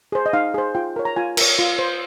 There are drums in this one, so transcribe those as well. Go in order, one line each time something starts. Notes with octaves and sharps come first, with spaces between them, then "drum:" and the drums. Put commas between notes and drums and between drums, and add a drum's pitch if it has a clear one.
G#4 C5
D#5
D#4 F5
G#4 C5
F4 G5
A#4 C#5
A#5
F4 G#5
A#4 C#5, drum: cymbal
F4
C5